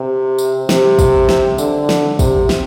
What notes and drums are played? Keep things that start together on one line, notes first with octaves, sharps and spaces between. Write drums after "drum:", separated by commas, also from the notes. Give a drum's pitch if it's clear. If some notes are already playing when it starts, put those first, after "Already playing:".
Already playing: C3
drum: tambourine
C3, drum: snare
drum: kick, tambourine
drum: snare
D3, drum: tambourine
drum: snare
C3, drum: kick, tambourine
drum: snare